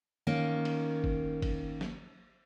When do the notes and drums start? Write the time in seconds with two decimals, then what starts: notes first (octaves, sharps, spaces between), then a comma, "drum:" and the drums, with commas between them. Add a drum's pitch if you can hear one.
0.27 D#3 A#3 C#4
0.65 drum: cymbal
1.04 drum: kick F#1
1.42 drum: kick F#1, cymbal
1.81 drum: snare